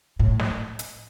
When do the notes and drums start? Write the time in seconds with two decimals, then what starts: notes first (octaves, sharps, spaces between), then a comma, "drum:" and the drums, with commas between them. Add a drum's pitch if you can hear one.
0.19 A2
0.39 drum: snare
0.79 drum: hi-hat